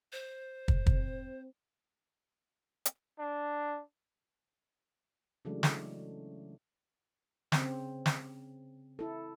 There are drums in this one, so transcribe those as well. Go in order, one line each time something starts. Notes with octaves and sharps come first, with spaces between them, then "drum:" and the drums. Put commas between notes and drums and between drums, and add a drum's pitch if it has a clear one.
C5
drum: kick
C4, drum: kick
drum: hi-hat
D4
C#3 E3 F#3 G#3 A3 D4
drum: snare
C#3 C4, drum: snare
drum: snare
E4 A4